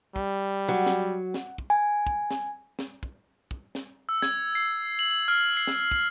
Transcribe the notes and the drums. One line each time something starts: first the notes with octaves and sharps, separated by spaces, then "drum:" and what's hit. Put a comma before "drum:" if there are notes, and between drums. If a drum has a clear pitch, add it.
G3, drum: kick
F#3
drum: snare
drum: snare
drum: kick
G#5
drum: kick
drum: snare
drum: snare
drum: kick
drum: kick
drum: snare
E6
G#6, drum: snare
C7
F#7
F#7
F6
C7
drum: snare
F#7, drum: kick